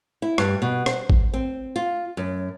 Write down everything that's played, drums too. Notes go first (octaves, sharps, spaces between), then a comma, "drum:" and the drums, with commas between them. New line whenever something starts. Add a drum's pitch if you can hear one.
E4
G2, drum: rim click
B2
C5, drum: rim click
drum: kick G#1
C4
F4
F#2